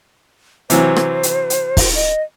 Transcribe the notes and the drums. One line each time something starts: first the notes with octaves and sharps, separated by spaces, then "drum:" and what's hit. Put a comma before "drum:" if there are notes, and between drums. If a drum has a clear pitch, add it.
C3 E3 F#3 C5, drum: hi-hat
drum: rim click
drum: hi-hat
drum: hi-hat
drum: kick, open hi-hat
D#5